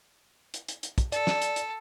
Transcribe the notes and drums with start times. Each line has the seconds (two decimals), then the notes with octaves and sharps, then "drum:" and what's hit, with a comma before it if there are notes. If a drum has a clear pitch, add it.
0.54 drum: hi-hat
0.68 drum: hi-hat
0.83 drum: hi-hat
0.98 drum: kick, hi-hat
1.12 A4 D5, drum: hi-hat
1.27 drum: snare
1.42 drum: hi-hat
1.56 drum: hi-hat